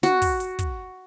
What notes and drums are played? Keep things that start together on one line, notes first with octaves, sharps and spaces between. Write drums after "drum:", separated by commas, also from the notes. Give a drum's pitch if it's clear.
F#4, drum: snare
drum: kick, open hi-hat
drum: hi-hat
drum: kick, hi-hat